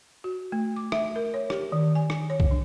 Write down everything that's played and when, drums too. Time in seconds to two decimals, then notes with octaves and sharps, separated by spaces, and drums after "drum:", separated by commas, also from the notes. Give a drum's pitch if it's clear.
0.24 F#4
0.52 A3
0.76 D6
0.92 E5, drum: rim click
1.16 A#4
1.34 C#5
1.50 G4, drum: rim click
1.72 D#3
1.95 G#5
2.10 drum: rim click
2.30 C#5
2.40 drum: kick C2
2.51 D4